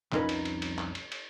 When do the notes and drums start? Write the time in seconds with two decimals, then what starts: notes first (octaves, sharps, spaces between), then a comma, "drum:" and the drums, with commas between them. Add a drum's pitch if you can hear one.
0.12 C2 F2 C#4 D#4 A#4 B4, drum: clap
0.29 drum: cymbal
0.45 drum: cymbal
0.62 drum: cymbal
0.79 drum: clap
0.95 drum: cymbal
1.12 drum: cymbal